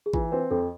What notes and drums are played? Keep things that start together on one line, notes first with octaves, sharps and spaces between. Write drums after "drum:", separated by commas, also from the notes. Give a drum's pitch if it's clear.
G#4
E3 F4, drum: kick
C4 B4
F2 A4